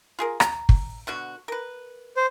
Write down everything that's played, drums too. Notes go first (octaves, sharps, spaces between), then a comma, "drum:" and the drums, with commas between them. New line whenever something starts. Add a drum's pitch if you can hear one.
F4 G#4 A#4
A#5, drum: rim click
drum: kick
B2 D3 F#4
A#4 B4
C5